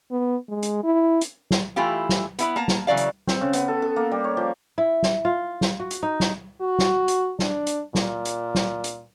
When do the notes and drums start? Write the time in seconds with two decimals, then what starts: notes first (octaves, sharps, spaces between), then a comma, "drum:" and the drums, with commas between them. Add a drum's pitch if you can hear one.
0.11 B3
0.49 G#3
0.63 drum: hi-hat
0.84 E4
1.21 drum: hi-hat
1.51 drum: snare
1.76 E3 A3 E4 F4 G4
2.09 drum: snare
2.39 B3 E4 B4, drum: hi-hat
2.56 A#3 A5 A#5
2.68 drum: snare
2.87 C#3 E3 F#3 D5 F5
2.97 drum: hi-hat
3.27 C4, drum: snare
3.41 C#3
3.53 B3, drum: hi-hat
3.68 A4
3.82 A4
3.96 A#3
4.11 G3
4.24 C#5
4.37 F3
4.78 E4
5.03 drum: snare
5.25 F4
5.61 drum: snare
5.80 F#4
5.91 drum: hi-hat
6.03 D#4
6.20 drum: snare
6.61 F#4
6.79 drum: snare
7.08 drum: hi-hat
7.39 D4, drum: snare
7.67 drum: hi-hat
7.95 A#2, drum: snare
8.25 drum: hi-hat
8.55 drum: snare
8.84 drum: hi-hat